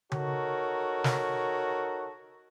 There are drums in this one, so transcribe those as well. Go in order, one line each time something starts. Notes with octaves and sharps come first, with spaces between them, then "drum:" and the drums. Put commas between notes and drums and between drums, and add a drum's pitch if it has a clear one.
D#4 F#4 A4 A#4 C#5, drum: tom C#3
drum: snare